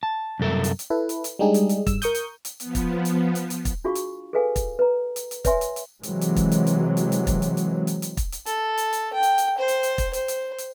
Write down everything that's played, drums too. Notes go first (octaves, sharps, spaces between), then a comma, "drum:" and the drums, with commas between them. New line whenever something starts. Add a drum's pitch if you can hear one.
A5
C2 F#2 A4 A#4 E5
drum: hi-hat
drum: hi-hat
E4 A4 B4
drum: hi-hat
drum: hi-hat
G3 G#3 D4 D#4 G4 G#4
drum: hi-hat
drum: hi-hat
G2 E6, drum: kick, hi-hat
A#4 C#6 D#6 G6, drum: hi-hat
drum: hi-hat
drum: hi-hat
F3 B3, drum: hi-hat
drum: kick, hi-hat
drum: hi-hat
drum: hi-hat
drum: hi-hat
drum: kick, hi-hat
D4 F4 F#4 G#4 F5 C#6
drum: hi-hat
G#4 A4 B4 F5 G#5
drum: kick, hi-hat
B4 A#5
drum: hi-hat
drum: hi-hat
B4 C#5 E5 G#5 C6, drum: kick, hi-hat
drum: hi-hat
drum: hi-hat
C3 E3 F#3 G#3, drum: hi-hat
drum: hi-hat
drum: kick, hi-hat
drum: hi-hat
drum: hi-hat
drum: hi-hat
drum: hi-hat
drum: kick, hi-hat
drum: hi-hat
drum: hi-hat
drum: hi-hat
drum: hi-hat
drum: kick, hi-hat
drum: hi-hat
A4, drum: hi-hat
drum: hi-hat
drum: hi-hat
G5
drum: hi-hat
drum: hi-hat
C5
drum: hi-hat
drum: hi-hat
drum: kick, hi-hat
C5, drum: hi-hat
drum: hi-hat
drum: hi-hat